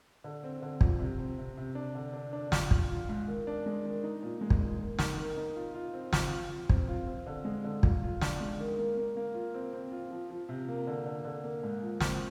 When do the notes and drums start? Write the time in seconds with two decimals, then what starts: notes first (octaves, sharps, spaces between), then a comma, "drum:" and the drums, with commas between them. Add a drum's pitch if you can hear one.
0.24 D3
0.44 C4
0.62 D3
0.81 F3, drum: kick
0.99 C3
1.19 C4
1.38 C3
1.57 C3
1.75 D4
1.95 D3
2.14 D4
2.33 D4
2.52 F4, drum: snare
2.71 F4, drum: kick
2.90 F4
3.09 G#2
3.28 D#3
3.47 D4
3.66 G#3
3.85 D#3
4.04 D#4
4.23 A#2
4.41 G#3
4.50 drum: kick
4.61 A#2
4.80 D#3
4.99 D#4, drum: snare
5.17 D#3
5.37 D#4
5.56 F4
5.75 F4
5.94 C4
6.13 F4, drum: snare
6.31 F4
6.50 F4
6.69 C4, drum: kick
6.89 F4
7.07 C4
7.27 D3
7.45 G#3
7.64 D3
7.83 F4, drum: kick
8.03 F4
8.21 D4, drum: snare
8.41 G#3
8.60 D#3
8.78 A#3
8.97 A#3
9.16 A#3
9.35 F4
9.54 C4
9.73 C4
9.92 F4
10.11 F3
10.30 F3
10.49 C3
10.68 A#3
10.87 D3
11.06 D3
11.24 D3
11.44 A#3
11.63 G#2
11.82 F3
12.01 C4, drum: snare